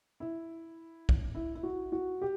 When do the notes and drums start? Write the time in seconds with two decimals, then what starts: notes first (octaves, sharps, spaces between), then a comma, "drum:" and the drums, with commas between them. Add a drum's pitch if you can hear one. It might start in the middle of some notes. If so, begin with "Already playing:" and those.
0.20 E4
1.09 drum: kick B1
1.35 E4
1.55 E4
1.63 F#4
1.92 F#4
2.22 G4